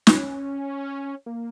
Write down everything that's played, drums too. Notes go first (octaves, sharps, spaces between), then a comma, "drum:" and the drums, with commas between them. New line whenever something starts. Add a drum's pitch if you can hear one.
C#4, drum: snare
A#3